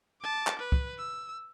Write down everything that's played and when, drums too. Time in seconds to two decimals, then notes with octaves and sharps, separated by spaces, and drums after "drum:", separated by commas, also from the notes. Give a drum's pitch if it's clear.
0.21 A5 D6
0.47 drum: clap
0.59 B4
0.72 drum: kick
0.97 E6